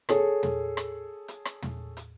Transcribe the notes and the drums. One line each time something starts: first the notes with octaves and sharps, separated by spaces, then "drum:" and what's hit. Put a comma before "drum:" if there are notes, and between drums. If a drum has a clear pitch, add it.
G#4 A4 C#5, drum: rim click
drum: tom
drum: rim click
drum: hi-hat
drum: rim click
drum: tom
drum: hi-hat